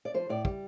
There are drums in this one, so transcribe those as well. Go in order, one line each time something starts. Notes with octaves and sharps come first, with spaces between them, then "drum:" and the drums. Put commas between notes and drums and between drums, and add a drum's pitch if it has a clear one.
D5
F3 C5
A2 D5
G3, drum: kick